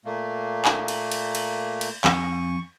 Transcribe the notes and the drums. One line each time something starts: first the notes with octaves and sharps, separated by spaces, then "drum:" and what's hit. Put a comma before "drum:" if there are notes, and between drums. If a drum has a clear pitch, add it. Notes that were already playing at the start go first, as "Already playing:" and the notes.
A#2 A3 A#3
drum: clap
drum: cymbal
drum: cymbal
drum: cymbal
drum: cymbal
F2 G#5 C#6, drum: clap